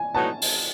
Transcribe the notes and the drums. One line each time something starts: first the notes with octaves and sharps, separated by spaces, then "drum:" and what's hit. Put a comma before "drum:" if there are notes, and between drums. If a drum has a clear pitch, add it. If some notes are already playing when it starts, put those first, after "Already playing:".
Already playing: G#5
A2 F#3 B3 D#4 F#4 A5
drum: open hi-hat